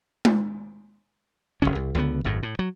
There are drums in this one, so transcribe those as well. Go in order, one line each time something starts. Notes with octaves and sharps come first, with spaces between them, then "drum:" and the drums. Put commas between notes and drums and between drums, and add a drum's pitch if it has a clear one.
drum: tom G#3
E1 C#2 C#3 C#4
C2
C#2 D3 E3 B3
G#1 F#2 A2
A2
F#3